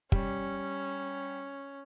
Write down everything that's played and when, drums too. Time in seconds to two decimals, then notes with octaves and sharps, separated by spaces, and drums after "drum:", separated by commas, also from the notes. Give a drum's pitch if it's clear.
0.12 G3 C#4, drum: kick